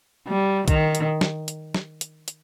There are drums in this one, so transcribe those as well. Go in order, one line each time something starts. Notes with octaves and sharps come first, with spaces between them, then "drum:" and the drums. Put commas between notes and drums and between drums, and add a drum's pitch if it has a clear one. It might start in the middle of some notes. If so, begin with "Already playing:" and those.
G3
D#3, drum: kick, hi-hat
drum: hi-hat
drum: snare
drum: hi-hat
drum: snare
drum: hi-hat
drum: hi-hat